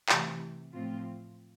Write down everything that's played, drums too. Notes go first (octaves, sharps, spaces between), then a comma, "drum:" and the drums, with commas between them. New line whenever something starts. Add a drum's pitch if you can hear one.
C3 E3 A3, drum: clap
A2 F3 A3 C4 F4